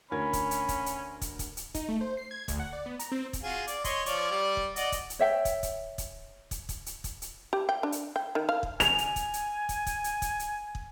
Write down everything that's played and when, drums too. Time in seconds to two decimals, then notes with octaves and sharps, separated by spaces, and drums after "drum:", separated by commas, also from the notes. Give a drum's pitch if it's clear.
0.11 D2 C#4 A#4 B5 G#6
0.33 drum: kick, hi-hat
0.51 drum: hi-hat
0.69 drum: kick, hi-hat
0.86 drum: hi-hat
1.22 drum: kick, hi-hat
1.39 drum: kick, hi-hat
1.57 drum: hi-hat
1.74 D#4, drum: kick, hi-hat
1.89 A3
2.01 C5
2.17 C7
2.31 G#6
2.48 D2, drum: kick, hi-hat
2.59 F#5
2.73 D5
2.86 B3
2.99 A#5, drum: hi-hat
3.12 C4
3.33 drum: kick, hi-hat
3.43 F4 F#4 G#4
3.67 D5, drum: hi-hat
3.84 C#5 D#5 C6, drum: kick, hi-hat
4.06 F3 C#5 D5, drum: hi-hat
4.31 G3 D5
4.57 drum: kick
4.76 D5 D#5 F#5, drum: hi-hat
4.92 drum: kick, hi-hat
5.10 drum: hi-hat
5.19 C#5 E5 G5
5.45 drum: kick, hi-hat
5.63 drum: kick, hi-hat
5.98 drum: kick, hi-hat
6.51 drum: kick, hi-hat
6.69 drum: kick, hi-hat
6.86 drum: hi-hat
7.04 drum: kick, hi-hat
7.22 drum: hi-hat
7.53 G4
7.69 G5
7.83 D4
7.92 drum: hi-hat
8.16 G5
8.35 D#3
8.49 F5
8.63 drum: kick
8.80 G#5 F7, drum: kick, hi-hat
8.98 drum: hi-hat
9.16 drum: kick, hi-hat
9.34 drum: hi-hat
9.69 drum: kick, hi-hat
9.86 drum: kick, hi-hat
10.04 drum: hi-hat
10.22 drum: kick, hi-hat
10.39 drum: hi-hat
10.75 drum: kick